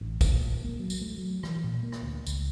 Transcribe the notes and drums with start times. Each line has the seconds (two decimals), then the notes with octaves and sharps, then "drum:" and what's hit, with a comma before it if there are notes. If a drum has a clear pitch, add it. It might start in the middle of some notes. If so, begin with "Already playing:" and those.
0.01 A1
0.21 D#2, drum: kick, tambourine
0.33 A#2
0.65 A#3
0.80 F#3
0.90 drum: tambourine
1.01 A3
1.18 F#3
1.43 E3, drum: rim click
1.64 A#2
1.83 A#3
1.92 drum: rim click
2.02 D2
2.26 C#2, drum: tambourine